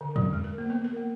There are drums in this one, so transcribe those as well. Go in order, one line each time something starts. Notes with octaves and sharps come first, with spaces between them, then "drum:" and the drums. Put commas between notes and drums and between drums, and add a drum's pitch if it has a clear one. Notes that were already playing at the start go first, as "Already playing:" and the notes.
D3
F#3, drum: tom
G#3
A#4
A#3
B3
A#4
A#3